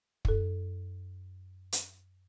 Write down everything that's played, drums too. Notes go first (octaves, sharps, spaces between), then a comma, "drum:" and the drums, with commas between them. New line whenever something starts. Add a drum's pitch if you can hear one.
F#2 A4, drum: kick
drum: hi-hat